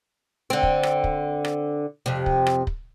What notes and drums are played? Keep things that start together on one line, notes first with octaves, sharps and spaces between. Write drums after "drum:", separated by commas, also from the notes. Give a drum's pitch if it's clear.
D3 C4
drum: kick
drum: rim click
drum: kick
drum: rim click
F2 C3
drum: kick
drum: rim click
drum: kick